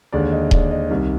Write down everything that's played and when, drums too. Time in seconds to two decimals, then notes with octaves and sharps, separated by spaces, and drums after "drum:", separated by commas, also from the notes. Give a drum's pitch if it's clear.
0.13 D#2 D3 G#3 D5
0.32 D#5
0.51 D5, drum: kick D#1
0.71 D#5
0.90 C2 C3 D#3